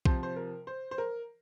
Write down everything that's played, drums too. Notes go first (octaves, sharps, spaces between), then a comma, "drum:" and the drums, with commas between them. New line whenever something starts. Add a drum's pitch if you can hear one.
C3 F3 C5, drum: kick B1
C5
A#4
C5
C5
A#4